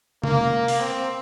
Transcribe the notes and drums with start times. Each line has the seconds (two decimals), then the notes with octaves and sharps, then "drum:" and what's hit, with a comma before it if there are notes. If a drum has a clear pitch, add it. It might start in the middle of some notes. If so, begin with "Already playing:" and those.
0.24 A#3, drum: tom C3
0.68 drum: open hi-hat
0.80 C4